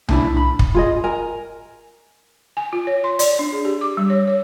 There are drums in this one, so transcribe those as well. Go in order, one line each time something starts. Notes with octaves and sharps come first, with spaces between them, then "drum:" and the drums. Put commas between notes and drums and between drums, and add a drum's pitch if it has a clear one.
A3 D4 E4, drum: tom C2
B5
drum: kick
F4 G#4 D#5
A#4 G#5
G#5
F4
C#5
C6
D5, drum: hi-hat
D4
G#4
G4
D6
G3
C#5
C#5